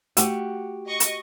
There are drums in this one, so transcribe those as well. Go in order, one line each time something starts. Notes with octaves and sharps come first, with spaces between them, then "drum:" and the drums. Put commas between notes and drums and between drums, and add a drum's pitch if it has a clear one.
A3 F#4 G4, drum: hi-hat
D#5 C#6
drum: hi-hat